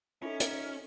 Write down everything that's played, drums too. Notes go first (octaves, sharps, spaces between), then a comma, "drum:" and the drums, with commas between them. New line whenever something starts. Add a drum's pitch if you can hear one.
C#4 D#4 F4 A4 E5
drum: hi-hat